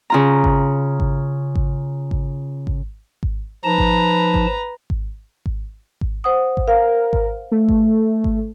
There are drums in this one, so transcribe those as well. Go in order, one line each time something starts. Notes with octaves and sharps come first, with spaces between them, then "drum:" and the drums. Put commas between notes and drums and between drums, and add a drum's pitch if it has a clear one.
C#3 F4 A#5
drum: kick G#1
drum: kick G#1
drum: kick G#1
drum: kick G#1
drum: kick G#1
drum: kick G#1
F3 D#4 B4 A5 A#5
drum: kick G#1
drum: kick G#1
drum: kick G#1
drum: kick G#1
drum: kick G#1
C5 F#5 D#6
drum: kick G#1
A#4 F5
drum: kick G#1
A3
drum: kick G#1
drum: kick G#1